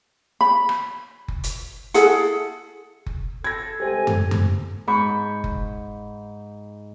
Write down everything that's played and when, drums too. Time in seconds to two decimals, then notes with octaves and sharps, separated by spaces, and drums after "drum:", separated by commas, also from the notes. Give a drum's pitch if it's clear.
0.41 B5
0.69 drum: rim click
1.28 drum: kick F#1
1.44 drum: hi-hat
1.94 E4 G#4 A4 F#5, drum: hi-hat
3.06 drum: kick F#1
3.44 A4 G#6 A#6
3.80 C2 G#3 G4 A4 C5 G#5
4.07 drum: tom F#2
4.31 drum: tom F#2
4.87 G#2 B5 C#6 G6
5.44 drum: kick F#1